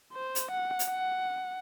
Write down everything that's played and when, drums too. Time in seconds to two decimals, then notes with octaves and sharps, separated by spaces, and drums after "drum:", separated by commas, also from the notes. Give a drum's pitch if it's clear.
0.13 C5
0.35 drum: hi-hat
0.51 F#5
0.79 drum: hi-hat
0.90 F#5